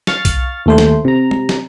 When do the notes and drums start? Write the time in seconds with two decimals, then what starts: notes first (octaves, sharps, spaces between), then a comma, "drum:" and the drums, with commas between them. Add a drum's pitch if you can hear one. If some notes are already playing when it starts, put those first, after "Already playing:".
0.07 F5 C#6 F6 A6, drum: snare
0.25 drum: kick B1, hi-hat
0.66 D#2 A3 C5
0.78 drum: snare
1.05 C3 A#5
1.31 drum: tom
1.49 drum: snare